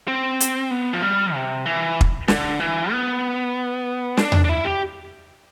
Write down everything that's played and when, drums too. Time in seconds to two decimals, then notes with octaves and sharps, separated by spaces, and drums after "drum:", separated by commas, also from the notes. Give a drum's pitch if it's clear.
0.08 C4
0.40 drum: hi-hat
0.71 B3
0.93 F3
1.02 G3
1.34 C3
1.66 E3
2.01 drum: kick
2.28 D3, drum: snare
2.60 E3
2.92 B3
4.17 D4, drum: snare
4.32 drum: tom E2
4.44 D4
4.49 E4
4.65 G4